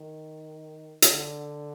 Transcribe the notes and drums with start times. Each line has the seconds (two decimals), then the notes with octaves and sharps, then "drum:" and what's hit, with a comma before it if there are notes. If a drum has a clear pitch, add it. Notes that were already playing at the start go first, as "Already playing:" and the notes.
Already playing: D#3
1.02 drum: hi-hat
1.12 D3